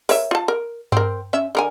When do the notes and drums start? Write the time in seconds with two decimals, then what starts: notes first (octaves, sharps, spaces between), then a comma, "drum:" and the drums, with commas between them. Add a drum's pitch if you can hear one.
0.09 A#4 C#5 E5, drum: open hi-hat
0.31 F4 A5
0.48 A#4
0.92 C4 A#4, drum: tom G2
1.33 C#4 E5
1.55 D3 A#4 G#5